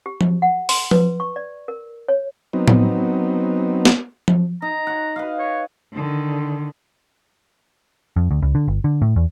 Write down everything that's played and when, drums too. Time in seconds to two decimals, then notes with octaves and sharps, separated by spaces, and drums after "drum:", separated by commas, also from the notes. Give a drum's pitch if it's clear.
0.06 G4
0.21 drum: tom F3
0.42 F#5
0.69 C6, drum: open hi-hat
0.91 B4, drum: tom F3
1.20 C#6
1.36 D5
1.68 A#4
2.08 C#5
2.53 F#3 B3 C4 D#4
2.68 drum: tom A2
3.85 drum: snare
4.28 drum: tom F3
4.62 D#4 A#5
4.87 C#5 F#5
5.16 B4 D#5 F5
5.39 C#5
5.94 D3 D#3
8.16 F2
8.31 D2
8.42 C#2
8.55 D3
8.68 G1
8.84 D3
9.02 A2
9.16 E2